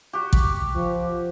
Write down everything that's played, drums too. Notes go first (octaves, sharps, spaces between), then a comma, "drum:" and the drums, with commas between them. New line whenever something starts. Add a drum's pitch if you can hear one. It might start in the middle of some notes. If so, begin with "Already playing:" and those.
F#4 G4
drum: kick
F3